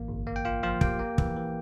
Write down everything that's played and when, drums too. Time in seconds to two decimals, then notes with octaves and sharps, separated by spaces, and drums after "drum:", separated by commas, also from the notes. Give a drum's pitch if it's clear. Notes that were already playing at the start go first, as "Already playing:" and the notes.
Already playing: A1 A#3
0.08 G1
0.27 A#3
0.36 G5
0.45 A#3 F4 F5
0.63 F3 F4 F5
0.81 A#3 G4 G5, drum: kick
0.99 A#3
1.18 E3, drum: kick
1.36 E3